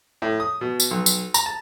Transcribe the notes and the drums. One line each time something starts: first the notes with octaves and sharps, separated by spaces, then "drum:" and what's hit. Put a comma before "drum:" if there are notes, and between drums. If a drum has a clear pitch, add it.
A2
D#6
B2
drum: tambourine
B1
drum: tambourine
A#5, drum: tambourine
A5